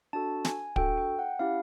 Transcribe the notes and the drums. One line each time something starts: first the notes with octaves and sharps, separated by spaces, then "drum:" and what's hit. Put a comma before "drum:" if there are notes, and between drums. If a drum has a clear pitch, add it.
D4 F#4 A4 A5
G#5, drum: snare
D4 F#4 A4 G5, drum: kick
G5
F#5
C#4 E4 G4 F5